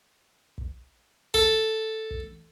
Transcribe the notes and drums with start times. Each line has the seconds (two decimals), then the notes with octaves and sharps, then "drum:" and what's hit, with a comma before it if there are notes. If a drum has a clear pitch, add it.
0.58 drum: kick
1.34 A4, drum: kick
2.11 drum: kick